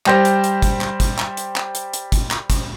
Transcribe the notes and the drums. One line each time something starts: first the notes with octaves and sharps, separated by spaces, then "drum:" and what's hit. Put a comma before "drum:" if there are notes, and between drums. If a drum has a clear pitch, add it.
G3 G4 C5 A#6, drum: clap
drum: hi-hat
drum: hi-hat
drum: kick, hi-hat
drum: clap
drum: kick, hi-hat
drum: clap
drum: hi-hat
drum: clap
drum: hi-hat
drum: hi-hat
drum: kick, hi-hat
drum: clap
drum: kick, hi-hat